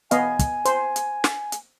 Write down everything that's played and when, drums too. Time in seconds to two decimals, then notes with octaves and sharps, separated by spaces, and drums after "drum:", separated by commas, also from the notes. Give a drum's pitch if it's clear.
0.11 B3 D#5 F5 G#5, drum: hi-hat
0.39 drum: kick, hi-hat
0.65 C5, drum: hi-hat
0.96 drum: hi-hat
1.24 drum: snare
1.52 drum: hi-hat